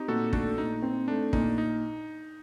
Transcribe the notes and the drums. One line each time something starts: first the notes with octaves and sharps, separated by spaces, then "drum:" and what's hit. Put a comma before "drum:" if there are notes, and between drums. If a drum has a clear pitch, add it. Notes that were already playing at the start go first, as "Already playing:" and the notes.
Already playing: C4 D#4 G4
A#2 F#4 A4
A3 D4 F#4, drum: kick
A#2 D#4
C4
A3 D4
A#2 D#4, drum: kick
D#4